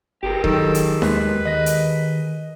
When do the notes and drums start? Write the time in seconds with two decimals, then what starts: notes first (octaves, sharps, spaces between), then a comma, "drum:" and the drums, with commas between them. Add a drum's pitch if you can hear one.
0.23 G1 G4 G#4 A#4 G5
0.44 D#3 F#3 A4, drum: kick D#1
0.75 drum: hi-hat
1.02 D#2 G#3 B4, drum: snare D#4
1.45 D#3 D#5 A#6
1.66 drum: hi-hat